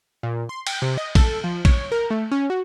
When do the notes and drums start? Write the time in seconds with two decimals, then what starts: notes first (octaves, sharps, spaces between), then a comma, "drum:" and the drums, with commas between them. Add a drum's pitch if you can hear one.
0.23 A#2
0.49 C6
0.67 G5, drum: cymbal
0.82 C3
0.98 D#5
1.15 A4, drum: kick A#1, cymbal
1.44 F3
1.65 C#5, drum: kick A#1, cymbal
1.92 A#4
2.10 A3
2.31 C#4
2.50 F#4